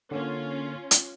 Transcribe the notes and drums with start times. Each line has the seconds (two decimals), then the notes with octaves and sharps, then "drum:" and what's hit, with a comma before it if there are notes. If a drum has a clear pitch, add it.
0.11 D3 A#3 C#4 F4
0.91 drum: hi-hat